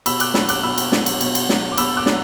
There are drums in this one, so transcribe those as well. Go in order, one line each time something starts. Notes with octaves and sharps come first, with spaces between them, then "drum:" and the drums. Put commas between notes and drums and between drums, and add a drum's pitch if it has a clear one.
B2 B5 E6, drum: cymbal
D6 F#6, drum: cymbal
F#3 D4 B5 E6, drum: snare
D6 F#6, drum: cymbal
B2 B5 E6
drum: cymbal
F#3 D4, drum: snare
drum: cymbal
B2, drum: cymbal
drum: cymbal
F#3 D4, drum: snare
D6
B2 B5 E6, drum: cymbal
D6 F#6
F#3 D4, drum: snare